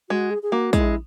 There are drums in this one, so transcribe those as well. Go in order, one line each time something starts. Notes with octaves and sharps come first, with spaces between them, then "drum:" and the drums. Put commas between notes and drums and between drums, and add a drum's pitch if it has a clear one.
G#3 F#4
G#4
G#4
A#3 F#4
G#3 E4, drum: kick, tambourine